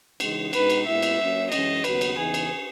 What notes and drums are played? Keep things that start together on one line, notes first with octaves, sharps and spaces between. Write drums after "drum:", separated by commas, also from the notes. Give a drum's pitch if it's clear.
C#3 E3 G#3 D#4, drum: cymbal
B2 G#3 D#4 B4, drum: cymbal
drum: cymbal
A#2 G#3 B3 E4 E5
drum: cymbal
F#3 A#3 C#4
F#2 E3 G#3 C#4 D#5, drum: cymbal
D#2 C#3 F#3 B3 F#4 B4, drum: cymbal
drum: cymbal
E2 C#3 E3 B3 D#4 G#4
drum: cymbal